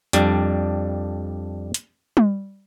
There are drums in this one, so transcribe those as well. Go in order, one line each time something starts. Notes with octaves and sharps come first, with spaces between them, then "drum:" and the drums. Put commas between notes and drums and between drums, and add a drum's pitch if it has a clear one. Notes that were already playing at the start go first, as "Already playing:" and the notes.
F2 G3 D4, drum: hi-hat
drum: hi-hat
drum: tom G3